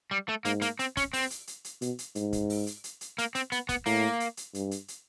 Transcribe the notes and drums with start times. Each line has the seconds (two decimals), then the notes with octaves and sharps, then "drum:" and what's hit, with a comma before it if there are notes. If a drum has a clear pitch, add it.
0.11 G3
0.29 A3
0.45 G#2 A#3, drum: hi-hat
0.62 A#3, drum: hi-hat
0.79 C4, drum: hi-hat
0.97 C#4, drum: kick, hi-hat
1.13 C4, drum: open hi-hat
1.30 drum: hi-hat
1.47 drum: hi-hat
1.64 drum: hi-hat
1.82 B2, drum: hi-hat
1.99 drum: hi-hat
2.15 G#2, drum: hi-hat
2.33 drum: kick, hi-hat
2.50 drum: open hi-hat
2.67 drum: hi-hat
2.84 drum: hi-hat
3.01 drum: hi-hat
3.18 A#3, drum: hi-hat
3.35 C4, drum: hi-hat
3.52 B3, drum: hi-hat
3.69 B3, drum: kick, hi-hat
3.86 A2 A#3, drum: open hi-hat
4.20 drum: hi-hat
4.37 drum: hi-hat
4.54 G2, drum: hi-hat
4.71 drum: hi-hat
4.88 drum: hi-hat